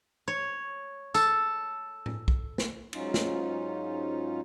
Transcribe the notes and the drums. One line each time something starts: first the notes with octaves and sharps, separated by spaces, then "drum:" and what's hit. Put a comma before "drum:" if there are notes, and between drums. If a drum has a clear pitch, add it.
C#5
A4, drum: tambourine
drum: tom A2
drum: kick
drum: snare
G#2 F#3 C#4 D#4 F4, drum: cymbal
drum: snare